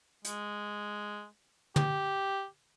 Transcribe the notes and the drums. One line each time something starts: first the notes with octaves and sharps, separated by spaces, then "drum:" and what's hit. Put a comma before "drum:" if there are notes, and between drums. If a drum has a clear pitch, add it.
G#3, drum: hi-hat
G4, drum: tom